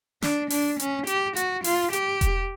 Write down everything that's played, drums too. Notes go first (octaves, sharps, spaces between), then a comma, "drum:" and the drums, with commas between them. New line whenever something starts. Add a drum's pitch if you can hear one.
D4, drum: snare
D4, drum: open hi-hat
C#4, drum: hi-hat
G4, drum: hi-hat
F#4, drum: hi-hat
F4, drum: open hi-hat
G4, drum: hi-hat
drum: kick E1, hi-hat